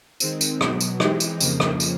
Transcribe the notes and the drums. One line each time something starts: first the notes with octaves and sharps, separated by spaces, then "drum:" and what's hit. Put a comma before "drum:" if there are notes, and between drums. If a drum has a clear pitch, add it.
D#3 G#3 C4, drum: tambourine
drum: tambourine
B2 F#3 B3, drum: rim click
drum: tambourine
E3 G#3 C4 D#4 G4, drum: rim click
drum: tambourine
F2 C#3 F3 A#3, drum: tambourine
drum: rim click
drum: tambourine